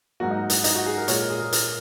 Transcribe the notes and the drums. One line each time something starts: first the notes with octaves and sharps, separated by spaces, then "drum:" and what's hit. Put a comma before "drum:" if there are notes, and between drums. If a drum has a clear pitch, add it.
G#2 F#3 A#3 F#4
D#4
drum: hi-hat
D#4, drum: hi-hat
F#4
G#4
A#4
A#2 G#3 C#5, drum: hi-hat
A#4
G#4
A#4
drum: hi-hat